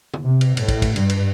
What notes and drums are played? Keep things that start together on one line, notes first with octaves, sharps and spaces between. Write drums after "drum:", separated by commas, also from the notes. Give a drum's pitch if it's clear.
drum: tom
C3
drum: cymbal
A2, drum: cymbal
drum: kick, cymbal
drum: kick, cymbal
G2, drum: cymbal
drum: cymbal